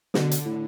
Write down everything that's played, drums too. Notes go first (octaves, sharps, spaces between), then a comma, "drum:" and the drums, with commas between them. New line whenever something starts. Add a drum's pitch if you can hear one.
B2 D3, drum: snare
drum: hi-hat
A2